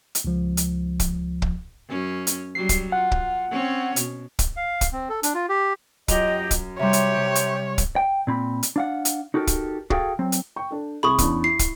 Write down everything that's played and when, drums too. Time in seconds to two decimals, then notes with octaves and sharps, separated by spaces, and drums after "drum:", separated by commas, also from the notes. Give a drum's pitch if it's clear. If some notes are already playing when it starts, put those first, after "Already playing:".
0.15 drum: hi-hat
0.25 C#2 F3
0.57 drum: hi-hat
1.00 drum: kick, hi-hat
1.42 drum: kick
1.88 F#2 C#4
2.27 drum: hi-hat
2.55 F#3 G3 C7
2.69 drum: kick, hi-hat
2.92 F4 F#5
3.12 drum: kick
3.50 C4 C#4 C#5
3.96 B2, drum: hi-hat
4.39 drum: kick, hi-hat
4.56 F5
4.81 drum: kick, hi-hat
4.93 C4
5.09 A4
5.23 D4, drum: hi-hat
5.35 F4
5.49 G4
6.08 F#2 F4 G4 D#5 F7 G7, drum: kick, hi-hat
6.51 drum: kick, hi-hat
6.79 C3 G3 G4 C#5 E5 A#5 C6
6.93 drum: hi-hat
7.17 C3
7.35 drum: hi-hat
7.78 drum: kick, hi-hat
7.96 G5
8.27 A#2 C4 B5
8.63 drum: hi-hat
8.76 D4 F5 F#5
9.05 drum: hi-hat
9.34 D#4 F#4 G4 A4 A#4
9.47 drum: kick, hi-hat
9.90 F#4 G#4 A4 F5 G5, drum: kick
10.19 F#3 C4
10.32 drum: hi-hat
10.56 G5 C#6
10.71 D4 A4
11.03 C2 G#4 B5 C#6 D#6
11.19 E2 C#4 D4, drum: kick, hi-hat
11.44 E4 C7
11.59 drum: kick, hi-hat